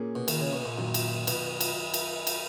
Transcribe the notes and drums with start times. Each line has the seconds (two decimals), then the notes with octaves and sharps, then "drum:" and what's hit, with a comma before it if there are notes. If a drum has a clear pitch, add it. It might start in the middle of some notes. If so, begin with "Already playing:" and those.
Already playing: A#2 A#3 C#4 G#4
0.15 B2
0.28 D#3, drum: cymbal
0.40 C#3
0.53 B2
0.65 A#2
0.77 F#2 A#2 D#3 F#3
0.94 drum: cymbal
1.27 B2, drum: cymbal
1.61 drum: cymbal
1.94 drum: cymbal
2.27 drum: cymbal